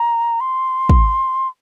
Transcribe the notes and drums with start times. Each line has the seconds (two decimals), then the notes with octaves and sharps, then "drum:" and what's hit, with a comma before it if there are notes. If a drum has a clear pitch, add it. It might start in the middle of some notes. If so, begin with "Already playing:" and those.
Already playing: A#5
0.40 C6
0.89 drum: kick